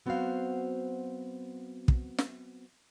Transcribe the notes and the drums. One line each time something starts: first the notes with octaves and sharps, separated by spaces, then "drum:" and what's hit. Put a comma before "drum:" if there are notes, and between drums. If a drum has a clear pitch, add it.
F#3 B3 C4 F#4 C5 F5
drum: kick
drum: snare